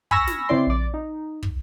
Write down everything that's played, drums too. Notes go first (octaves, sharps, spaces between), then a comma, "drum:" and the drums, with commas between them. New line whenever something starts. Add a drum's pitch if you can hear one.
G#5 B5 C#6 E6 F6 A#6, drum: kick
drum: snare
C#3 C4 E4 D5 C6
A#1 D5
D#4
drum: kick